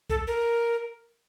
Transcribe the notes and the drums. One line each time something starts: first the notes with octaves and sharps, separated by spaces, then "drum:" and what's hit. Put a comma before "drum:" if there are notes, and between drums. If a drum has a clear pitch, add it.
A4, drum: kick A#1
A#4